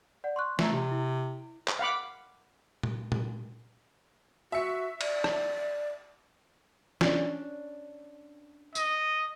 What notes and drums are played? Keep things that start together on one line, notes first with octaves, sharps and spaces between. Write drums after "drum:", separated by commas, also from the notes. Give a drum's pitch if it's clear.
D5 F#5
C6 C#6 F#6
A3 E5 A#5, drum: snare
C3 G4
E4
drum: clap
F5 F#5 B5 D6
drum: tom A#2
drum: tom A#2
F#4 E5 C#7
D5, drum: cymbal
drum: rim click
C#4 D4, drum: snare
D#5, drum: tambourine